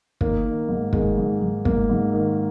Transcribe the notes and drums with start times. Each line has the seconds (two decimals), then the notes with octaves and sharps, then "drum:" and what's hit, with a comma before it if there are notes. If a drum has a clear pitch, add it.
0.21 D#3 A#3, drum: kick
0.45 D#3
0.69 G#2
0.93 D#3 G#3, drum: kick
1.17 G#2
1.42 G#2
1.65 G#2 A#3, drum: kick
1.90 G#2
2.13 D#3